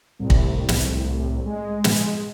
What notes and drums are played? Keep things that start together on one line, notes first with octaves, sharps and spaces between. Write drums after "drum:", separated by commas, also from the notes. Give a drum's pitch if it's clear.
C2 A2
drum: kick
drum: snare
G#3
drum: snare